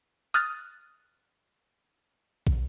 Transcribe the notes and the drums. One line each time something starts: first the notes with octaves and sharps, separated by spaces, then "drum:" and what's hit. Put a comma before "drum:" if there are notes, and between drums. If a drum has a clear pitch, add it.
D#6 F6 F#6 A6, drum: hi-hat
drum: kick